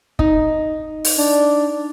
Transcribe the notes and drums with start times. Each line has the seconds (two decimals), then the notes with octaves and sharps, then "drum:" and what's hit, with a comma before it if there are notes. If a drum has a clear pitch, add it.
0.19 D#4, drum: kick
1.05 drum: open hi-hat
1.18 D4